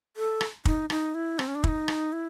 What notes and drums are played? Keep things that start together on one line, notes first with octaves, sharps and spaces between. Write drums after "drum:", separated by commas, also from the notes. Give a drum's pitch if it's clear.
A4
drum: rim click
D#4, drum: kick
D#4, drum: rim click
E4
C4, drum: rim click
C#4
D4
E4, drum: kick
D#4
drum: rim click
E4